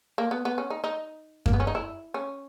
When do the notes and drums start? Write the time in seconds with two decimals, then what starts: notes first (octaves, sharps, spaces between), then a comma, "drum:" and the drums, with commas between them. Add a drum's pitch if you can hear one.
0.18 A#3
0.31 B3
0.45 B3
0.58 C#4
0.70 D#4
0.84 D#4
1.46 A#3, drum: kick F#2
1.53 B3
1.60 C#4
1.67 D#4
1.75 E4
2.14 C#4